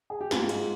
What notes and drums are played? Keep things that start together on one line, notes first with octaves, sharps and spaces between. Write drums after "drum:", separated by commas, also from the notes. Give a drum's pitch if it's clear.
G#4
G4
G#2 F4, drum: snare
G#3, drum: cymbal